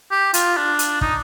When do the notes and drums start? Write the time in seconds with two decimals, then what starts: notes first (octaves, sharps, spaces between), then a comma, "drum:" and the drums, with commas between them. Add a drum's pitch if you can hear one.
0.11 G4
0.34 F4, drum: hi-hat
0.57 D4
0.79 drum: hi-hat
1.01 D#4, drum: kick